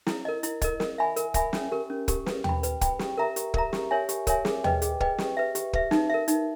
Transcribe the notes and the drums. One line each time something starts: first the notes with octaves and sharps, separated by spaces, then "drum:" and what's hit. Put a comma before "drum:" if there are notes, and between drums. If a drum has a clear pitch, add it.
E4, drum: snare
A#4 D#5
E4, drum: hi-hat
A#4 D#5, drum: kick, hi-hat
A#4, drum: snare
E5 G#5 B5
A#4, drum: hi-hat
E5 G#5 B5, drum: kick, hi-hat
C#4, drum: snare
G4 A#4
C#4
G4 A#4, drum: kick, hi-hat
B4, drum: snare
G5 B5, drum: tom D#2
B4, drum: hi-hat
G5 B5, drum: kick, hi-hat
G4, drum: snare
A#4 E5 A#5
G4, drum: hi-hat
A#4 E5 A#5, drum: kick
G4, drum: snare
A#4 C#5 E5 G#5
G4, drum: hi-hat
A#4 C#5 E5 G#5, drum: kick, hi-hat
G#4, drum: snare
B4 D#5 G5, drum: tom D#2
G#4, drum: hi-hat
B4 D#5 G5, drum: kick
G4, drum: snare
B4 E5
G4, drum: hi-hat
B4 E5, drum: kick
D#4, drum: snare
A#4 E5
D#4, drum: hi-hat